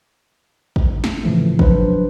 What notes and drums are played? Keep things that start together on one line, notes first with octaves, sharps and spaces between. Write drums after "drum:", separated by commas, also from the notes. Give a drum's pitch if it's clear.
drum: kick
drum: snare
A2 C#3 E3 F3 A3
F3 F#3 D4 B4 C5, drum: kick